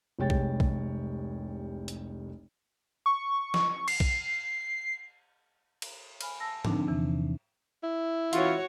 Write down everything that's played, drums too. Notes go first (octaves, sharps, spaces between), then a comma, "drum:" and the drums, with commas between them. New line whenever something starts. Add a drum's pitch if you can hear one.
F1 C2 G#3 C#5 G5 A6
drum: kick
drum: kick
drum: hi-hat
C#6
drum: snare
C7, drum: cymbal
drum: kick
drum: cymbal
G#5 B5 F6, drum: cymbal
A5 E6 A#6
D3 F3 C4 D4 D#4, drum: tom
E2 C3 E3
E4
E3 C#4 F4 F#4 C#5, drum: hi-hat